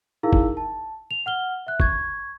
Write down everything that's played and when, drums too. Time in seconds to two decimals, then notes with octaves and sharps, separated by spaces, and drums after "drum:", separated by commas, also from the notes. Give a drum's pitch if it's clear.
0.23 D#4 E4 G#4 A#4 F5 E6
0.33 drum: kick
0.57 A5
1.11 F7
1.26 F#5 F6 G7
1.67 E5 F#6
1.80 C#6 G#6, drum: kick